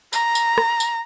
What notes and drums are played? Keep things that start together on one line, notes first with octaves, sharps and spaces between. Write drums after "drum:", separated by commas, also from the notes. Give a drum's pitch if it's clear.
A#5, drum: tambourine
drum: tambourine
drum: rim click
drum: tambourine